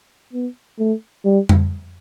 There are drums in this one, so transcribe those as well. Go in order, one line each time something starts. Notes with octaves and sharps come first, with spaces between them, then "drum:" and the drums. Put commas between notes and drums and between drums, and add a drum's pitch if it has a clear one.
B3
A3
G3
drum: tom F2